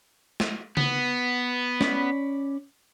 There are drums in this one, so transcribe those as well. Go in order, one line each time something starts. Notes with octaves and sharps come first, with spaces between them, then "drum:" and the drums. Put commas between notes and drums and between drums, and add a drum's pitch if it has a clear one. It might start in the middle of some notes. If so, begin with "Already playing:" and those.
drum: snare
B3, drum: tom C#3
C#4 D5 B5, drum: snare